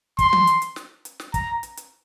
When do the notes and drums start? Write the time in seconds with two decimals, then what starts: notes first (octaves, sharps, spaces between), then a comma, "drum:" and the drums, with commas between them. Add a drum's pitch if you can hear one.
0.19 C6, drum: kick, hi-hat
0.33 drum: tom E3
0.47 drum: hi-hat
0.62 drum: hi-hat
0.76 drum: snare
1.05 drum: hi-hat
1.20 drum: snare
1.34 A#5, drum: kick, hi-hat
1.63 drum: hi-hat
1.77 drum: hi-hat